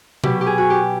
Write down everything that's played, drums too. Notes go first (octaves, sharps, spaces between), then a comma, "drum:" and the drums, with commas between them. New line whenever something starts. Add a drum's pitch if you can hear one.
B2 F#3 G4, drum: tom C3
G4
G#4
F#4
G4